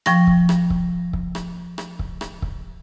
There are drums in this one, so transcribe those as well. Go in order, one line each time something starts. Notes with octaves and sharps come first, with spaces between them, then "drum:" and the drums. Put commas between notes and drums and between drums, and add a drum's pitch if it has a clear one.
F3 G5 C#6 A#6, drum: rim click
drum: kick C#1
drum: rim click
drum: kick C#1
drum: kick C#1
drum: rim click
drum: rim click
drum: kick C#1
drum: rim click
drum: kick C#1